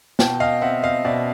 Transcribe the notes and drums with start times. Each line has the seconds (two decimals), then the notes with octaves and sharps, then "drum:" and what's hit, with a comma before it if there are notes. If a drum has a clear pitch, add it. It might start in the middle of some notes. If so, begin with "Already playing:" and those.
0.19 B2 G5 A5, drum: snare
0.40 D#5 F5
0.61 C4 E5 F#5
0.83 D#5 F5
1.05 B2 D5 E5